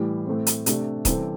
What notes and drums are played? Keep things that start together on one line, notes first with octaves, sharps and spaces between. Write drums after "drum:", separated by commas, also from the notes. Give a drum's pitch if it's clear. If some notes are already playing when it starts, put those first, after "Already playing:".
Already playing: A2 E3 G3
A2 A3 C4
drum: hi-hat
C3 A3 D4, drum: hi-hat
C3 E3 G3 C4 A4, drum: kick D#1, hi-hat